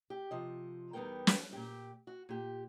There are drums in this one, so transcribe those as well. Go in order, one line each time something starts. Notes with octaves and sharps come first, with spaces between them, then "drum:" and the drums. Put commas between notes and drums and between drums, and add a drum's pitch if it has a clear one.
G4
C3 F3 D#5
E2 G3 B3 D#4 A#4 G5
drum: snare
A#2 G4
F#4
A#2 G4